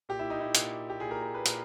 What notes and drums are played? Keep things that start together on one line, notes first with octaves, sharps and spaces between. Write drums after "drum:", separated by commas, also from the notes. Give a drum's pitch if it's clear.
A#2 G4
E4
D#4
E4
A#2, drum: hi-hat
G4
A#2 G#4
A#4
A#4
B4
A#2 A#4, drum: hi-hat